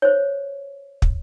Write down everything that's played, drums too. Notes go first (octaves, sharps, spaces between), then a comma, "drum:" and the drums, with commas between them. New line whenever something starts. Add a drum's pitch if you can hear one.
C5 C#5
drum: kick